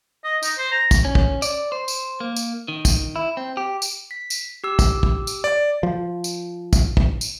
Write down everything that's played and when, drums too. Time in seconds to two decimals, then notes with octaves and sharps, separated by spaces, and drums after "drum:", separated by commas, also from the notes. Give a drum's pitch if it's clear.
0.24 D#5
0.43 D#4, drum: tambourine
0.57 C5
0.72 A#5
0.91 drum: kick, tambourine
1.05 C#4
1.15 drum: kick
1.42 D5, drum: tambourine
1.72 C5
1.88 drum: tambourine
2.20 A#3
2.36 drum: tambourine
2.68 D#3
2.85 drum: kick, tambourine
3.16 E4
3.37 C4
3.57 G4
3.82 drum: tambourine
4.11 B6
4.30 drum: tambourine
4.64 G4 E6
4.79 drum: kick, tambourine
5.03 drum: kick
5.27 drum: tambourine
5.44 D5
5.83 F3
6.24 drum: tambourine
6.73 drum: kick, tambourine
6.97 drum: kick
7.21 drum: tambourine